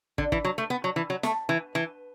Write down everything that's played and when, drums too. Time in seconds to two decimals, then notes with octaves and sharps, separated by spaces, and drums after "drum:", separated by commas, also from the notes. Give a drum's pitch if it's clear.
0.18 D3, drum: kick
0.32 E3, drum: kick
0.44 F#3
0.58 A3
0.70 B3
0.84 F#3
0.96 E3
1.10 F#3
1.23 A3, drum: snare
1.49 E3
1.75 E3